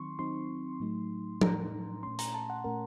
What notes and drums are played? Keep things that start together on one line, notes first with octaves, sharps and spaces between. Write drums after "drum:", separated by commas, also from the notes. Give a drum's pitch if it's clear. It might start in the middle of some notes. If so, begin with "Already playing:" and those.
Already playing: D#3 F#3 C4 D#4 C6 C#6
D#3 F#3 C4 D#4 C6
A2 F#3 A3 D#4
A2 F#3 A3 D#4 A#5, drum: tom F3
A#2 A3 C#4 C6
A#5, drum: hi-hat
A5
F#5
A#2 A3 C#4 A#4